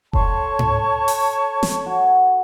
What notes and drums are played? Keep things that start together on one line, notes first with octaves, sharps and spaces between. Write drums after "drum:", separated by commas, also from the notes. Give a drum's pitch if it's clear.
A4 C#5 A5 C6 C#6, drum: kick F1
drum: tom G#2
drum: open hi-hat
drum: snare
F#4